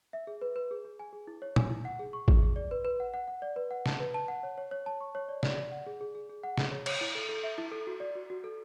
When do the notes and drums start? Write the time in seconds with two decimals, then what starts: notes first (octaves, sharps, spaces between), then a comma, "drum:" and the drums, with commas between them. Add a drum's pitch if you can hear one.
0.13 E5
0.27 G#4
0.41 B4
0.56 B4
0.71 G#4
0.85 G#4
0.99 G#5
1.13 G#4
1.27 E4
1.42 C#5
1.56 G#5, drum: tom
1.70 E4
1.85 F#5
1.99 G#4
2.13 C#6
2.28 G#4, drum: kick
2.43 G#4
2.56 D5
2.71 B4
2.85 B4
3.00 F#5
3.14 F#5
3.28 F#5
3.42 D5
3.56 B4
3.71 F#5
3.86 A5, drum: snare
4.00 B4
4.14 A5
4.28 F#5
4.43 C#5
4.58 C#5
4.71 C#5
4.86 A5
5.01 C#6
5.15 C#5
5.29 D5
5.43 D5, drum: snare
5.57 D5
5.72 F#5
5.86 G#4
6.01 G#4
6.15 G#4
6.29 G#4
6.43 F#5
6.58 G#4, drum: snare
6.71 C#5
6.86 C#5, drum: cymbal
7.01 E4
7.15 A4
7.29 A4
7.43 E5
7.58 E4
7.72 A4
7.87 F#4
8.00 D5
8.15 F#4
8.30 F#4
8.44 A4